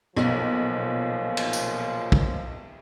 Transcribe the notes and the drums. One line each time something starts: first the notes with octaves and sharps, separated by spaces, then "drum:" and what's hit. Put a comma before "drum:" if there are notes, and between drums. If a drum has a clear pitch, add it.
B1 A#2 C#3 F3, drum: rim click
drum: cymbal
drum: tambourine
drum: kick